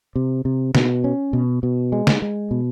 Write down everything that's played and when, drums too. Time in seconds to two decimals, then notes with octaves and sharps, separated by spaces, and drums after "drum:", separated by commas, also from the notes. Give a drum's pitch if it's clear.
0.16 C3
0.45 C3
0.75 B2, drum: snare
1.04 C#4
1.33 B2
1.63 B2
1.92 G#3
2.07 drum: snare
2.22 G#3
2.51 B2